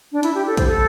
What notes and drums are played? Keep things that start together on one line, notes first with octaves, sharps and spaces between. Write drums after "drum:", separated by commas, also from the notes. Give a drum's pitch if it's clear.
D4
E4, drum: hi-hat
G4
A4
C5, drum: kick, hi-hat
A4